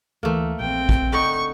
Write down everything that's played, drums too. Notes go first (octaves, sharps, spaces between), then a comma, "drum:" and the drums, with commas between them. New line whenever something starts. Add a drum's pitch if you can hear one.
D2 E3 A3 A#3
A#1 C4 G5
drum: kick
D3 D#4 C#6